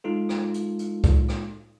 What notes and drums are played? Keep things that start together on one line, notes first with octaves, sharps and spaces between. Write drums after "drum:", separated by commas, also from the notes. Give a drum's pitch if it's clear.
G#3 D#4 F4 A4
drum: rim click
drum: hi-hat
drum: hi-hat
drum: kick, hi-hat
drum: rim click